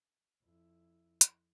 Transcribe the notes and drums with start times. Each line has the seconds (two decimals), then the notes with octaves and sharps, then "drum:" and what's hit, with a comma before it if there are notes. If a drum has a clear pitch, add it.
0.43 F2 E4
1.21 drum: hi-hat